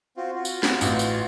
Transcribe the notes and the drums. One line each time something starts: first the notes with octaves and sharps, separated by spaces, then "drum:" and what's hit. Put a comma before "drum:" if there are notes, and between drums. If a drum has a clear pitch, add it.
C4 F4 F#4
F4 F#4
drum: tambourine
drum: snare
A1, drum: tambourine
drum: tambourine